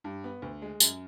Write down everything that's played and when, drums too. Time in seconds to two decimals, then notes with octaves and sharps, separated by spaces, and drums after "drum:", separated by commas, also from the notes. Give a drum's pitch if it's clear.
0.04 G2
0.24 B3
0.42 D2
0.62 G#3
0.80 F#2, drum: tambourine